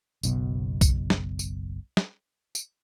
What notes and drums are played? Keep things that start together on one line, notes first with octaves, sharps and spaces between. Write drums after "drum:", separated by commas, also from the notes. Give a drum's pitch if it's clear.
F#1 B1 B2, drum: tambourine
drum: kick, tambourine
drum: snare
drum: tambourine
drum: snare
drum: tambourine